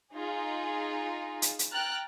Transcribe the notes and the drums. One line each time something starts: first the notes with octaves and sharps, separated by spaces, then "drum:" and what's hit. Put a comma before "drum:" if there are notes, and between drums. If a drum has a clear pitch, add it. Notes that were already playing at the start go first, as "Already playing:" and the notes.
D#4 F4 G#4
drum: hi-hat
drum: hi-hat
G5 A#5 F6 F#6 A6